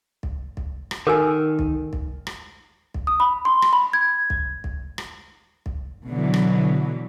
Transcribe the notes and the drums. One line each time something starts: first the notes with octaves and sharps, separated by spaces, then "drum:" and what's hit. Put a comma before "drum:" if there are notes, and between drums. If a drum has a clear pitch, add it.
drum: kick
drum: kick
drum: rim click
D#3 A4 A#4 G#5
drum: kick
drum: kick
drum: rim click
drum: kick
D#6
B5
C6
drum: rim click
B5
G#6
drum: kick
drum: kick
drum: rim click
drum: kick
B2 D3 E3 F#3
drum: rim click